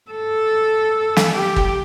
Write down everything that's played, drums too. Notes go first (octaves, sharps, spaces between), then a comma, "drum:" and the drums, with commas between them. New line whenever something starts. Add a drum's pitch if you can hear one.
A4
drum: snare
G4
drum: kick